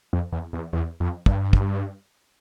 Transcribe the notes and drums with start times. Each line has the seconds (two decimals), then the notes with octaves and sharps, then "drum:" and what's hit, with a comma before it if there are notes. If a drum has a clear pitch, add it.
0.13 F2
0.32 E2
0.53 E2
0.73 E2
1.00 F2
1.26 G2, drum: kick
1.53 drum: kick